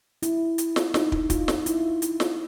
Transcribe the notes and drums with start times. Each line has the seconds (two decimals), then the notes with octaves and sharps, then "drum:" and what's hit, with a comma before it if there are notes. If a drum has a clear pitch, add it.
0.23 E4, drum: hi-hat
0.58 drum: hi-hat
0.76 drum: snare
0.94 D#4, drum: snare
1.12 drum: kick
1.30 F4, drum: kick, hi-hat
1.48 drum: snare
1.66 E4, drum: hi-hat
2.02 drum: hi-hat
2.20 drum: snare